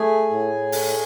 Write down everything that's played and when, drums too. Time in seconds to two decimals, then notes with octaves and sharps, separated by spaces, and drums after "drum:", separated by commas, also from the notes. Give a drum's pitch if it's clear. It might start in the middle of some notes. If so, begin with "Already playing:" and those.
Already playing: A3 G#4 G#5
0.30 A2
0.72 A3, drum: open hi-hat